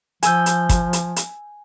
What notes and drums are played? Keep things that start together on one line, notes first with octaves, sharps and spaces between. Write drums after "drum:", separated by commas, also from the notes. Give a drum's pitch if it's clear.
F3 G#5 E6 G6, drum: hi-hat
drum: hi-hat
drum: kick, hi-hat
drum: hi-hat
drum: hi-hat